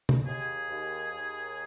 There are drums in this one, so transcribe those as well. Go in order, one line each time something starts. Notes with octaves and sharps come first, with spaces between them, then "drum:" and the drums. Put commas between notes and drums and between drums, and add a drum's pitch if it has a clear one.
drum: tom
D#2 G#4
D#2
D#2